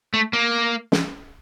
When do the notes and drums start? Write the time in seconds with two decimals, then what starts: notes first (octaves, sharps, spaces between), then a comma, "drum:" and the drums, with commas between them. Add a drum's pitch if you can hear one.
0.14 A3
0.33 A#3
0.92 drum: snare